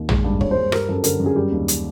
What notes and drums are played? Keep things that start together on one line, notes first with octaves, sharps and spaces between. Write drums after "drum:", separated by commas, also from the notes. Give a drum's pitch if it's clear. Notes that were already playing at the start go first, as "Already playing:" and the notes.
Already playing: D#2
G#3, drum: tom
G2
G2 C#5, drum: kick
C5
G2
G3 A#4, drum: rim click
F#2 A4
D3 A#4, drum: hi-hat
F#2
G#4
G3 G4
D#2
drum: hi-hat